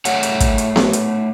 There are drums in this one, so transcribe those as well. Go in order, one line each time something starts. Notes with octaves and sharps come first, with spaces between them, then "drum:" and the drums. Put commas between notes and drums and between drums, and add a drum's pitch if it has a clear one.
A3 C#5 F#5, drum: hi-hat
drum: hi-hat
drum: kick, hi-hat
drum: hi-hat
drum: snare B3
drum: hi-hat